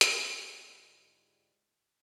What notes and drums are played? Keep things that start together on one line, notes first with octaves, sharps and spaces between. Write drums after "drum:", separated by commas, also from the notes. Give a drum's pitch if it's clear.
G#2 D3 G3 G#3 E4 F4, drum: hi-hat